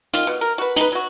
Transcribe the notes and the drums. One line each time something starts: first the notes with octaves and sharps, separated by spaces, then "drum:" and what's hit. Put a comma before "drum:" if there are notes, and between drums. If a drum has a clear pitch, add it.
D#3 F4, drum: hi-hat
B2
A#4
F#4 B4
D#4 B4, drum: hi-hat
F#3 F#4